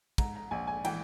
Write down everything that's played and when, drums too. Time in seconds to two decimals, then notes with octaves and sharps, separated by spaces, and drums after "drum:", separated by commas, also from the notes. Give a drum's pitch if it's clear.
0.18 G#2 A#5, drum: kick, cymbal
0.35 A#5
0.51 A#1 G#5
0.67 G#5
0.85 E3 G5, drum: cymbal